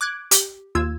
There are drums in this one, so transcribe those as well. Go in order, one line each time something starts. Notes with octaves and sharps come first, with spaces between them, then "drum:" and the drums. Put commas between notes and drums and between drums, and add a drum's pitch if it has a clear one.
D6 F#6 G#6
G4, drum: hi-hat
D#2 F4 E6 G#6